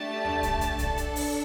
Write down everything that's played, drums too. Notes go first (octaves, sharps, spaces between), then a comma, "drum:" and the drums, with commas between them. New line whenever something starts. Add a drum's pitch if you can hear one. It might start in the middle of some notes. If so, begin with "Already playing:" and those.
Already playing: A3 D4 G4 A5
drum: tom D#2
drum: kick, hi-hat
drum: hi-hat
D4 A4, drum: kick, hi-hat
drum: hi-hat
drum: open hi-hat